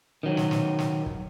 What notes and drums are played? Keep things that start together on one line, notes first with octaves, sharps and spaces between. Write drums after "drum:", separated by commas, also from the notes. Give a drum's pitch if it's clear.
D#3 F#3
drum: snare
drum: snare
drum: snare
drum: kick